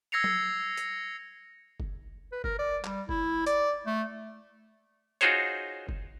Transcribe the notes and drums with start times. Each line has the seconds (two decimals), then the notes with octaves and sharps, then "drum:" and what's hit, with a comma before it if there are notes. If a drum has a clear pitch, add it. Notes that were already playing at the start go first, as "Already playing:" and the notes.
0.12 E6 G#6 A#6 C7 C#7 F7
0.24 drum: tom F#3
0.77 drum: hi-hat
1.80 drum: kick F#1
2.32 B4
2.44 A#4, drum: kick F#1
2.59 D5
2.84 G3, drum: clap
3.09 E4, drum: kick F#1
3.47 D5, drum: hi-hat
3.86 A3
5.21 D#4 F4 F#4 G#4 C5 C#5, drum: hi-hat
5.89 drum: kick F#1